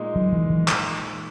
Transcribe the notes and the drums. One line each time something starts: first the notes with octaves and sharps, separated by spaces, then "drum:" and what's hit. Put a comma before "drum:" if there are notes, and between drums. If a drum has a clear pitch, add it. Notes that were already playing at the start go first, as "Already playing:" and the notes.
Already playing: A#2 G#3 D#4
F#3
E3
E3
drum: clap